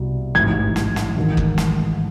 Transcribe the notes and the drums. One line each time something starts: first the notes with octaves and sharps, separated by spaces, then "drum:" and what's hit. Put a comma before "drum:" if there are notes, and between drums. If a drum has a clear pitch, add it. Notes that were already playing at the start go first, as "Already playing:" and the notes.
Already playing: C2 B2
A1 G#2 E3 G#6
drum: snare
drum: snare
A1 G#2 D#3
drum: kick F#1
drum: snare